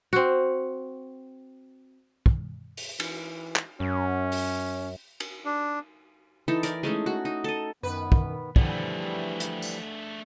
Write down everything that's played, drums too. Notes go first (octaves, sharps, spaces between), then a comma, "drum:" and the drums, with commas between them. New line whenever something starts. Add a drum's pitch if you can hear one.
C4 F#4
drum: kick
drum: open hi-hat
E3, drum: cymbal
drum: clap
F#2 C#4
drum: open hi-hat
drum: cymbal
D4
E3 D#4 A4
A#4 D5, drum: hi-hat
G#3 A3 C#4 D#4
F#4
D#4
A4 D#5
F#2 D#3 B3 B4
drum: kick
D3 E3 F3 G3 A3 G#4, drum: kick
drum: hi-hat
drum: tambourine